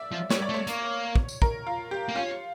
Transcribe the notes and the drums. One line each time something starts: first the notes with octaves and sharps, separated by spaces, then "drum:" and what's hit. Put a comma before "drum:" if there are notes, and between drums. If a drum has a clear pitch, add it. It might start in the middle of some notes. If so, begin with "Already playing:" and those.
Already playing: D5 E5
F3
G3 C#5, drum: snare
D5
A3
C#5
A#3, drum: hi-hat
drum: kick
drum: tambourine
A#4, drum: kick
F4
G4
A#3
C#4 F4